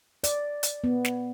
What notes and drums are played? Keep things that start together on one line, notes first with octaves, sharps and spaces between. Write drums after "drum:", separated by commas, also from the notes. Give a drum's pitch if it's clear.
D5, drum: hi-hat
drum: hi-hat
B3
drum: snare